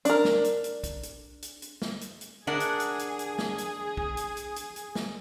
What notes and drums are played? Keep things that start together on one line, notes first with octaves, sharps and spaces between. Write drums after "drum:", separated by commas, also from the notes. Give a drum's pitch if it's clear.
D4 A#4, drum: hi-hat
drum: snare
drum: hi-hat
drum: hi-hat
drum: kick, hi-hat
drum: hi-hat
drum: hi-hat
drum: hi-hat
drum: snare
drum: hi-hat
drum: hi-hat
D4 G#4 A#4 F#5
drum: hi-hat
drum: hi-hat
drum: hi-hat
drum: hi-hat
drum: snare
drum: hi-hat
drum: kick
drum: hi-hat
drum: hi-hat
drum: hi-hat
drum: hi-hat
drum: snare